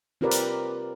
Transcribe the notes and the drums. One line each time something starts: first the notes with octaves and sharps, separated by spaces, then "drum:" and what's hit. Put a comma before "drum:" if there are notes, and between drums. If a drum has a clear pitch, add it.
C4 F4 G4 A#4 B4 D5
drum: hi-hat